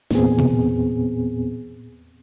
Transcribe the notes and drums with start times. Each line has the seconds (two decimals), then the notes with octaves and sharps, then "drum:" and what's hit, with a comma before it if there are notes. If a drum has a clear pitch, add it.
0.11 E2 A#2 B3 C4 G#4, drum: snare
0.38 drum: tom B2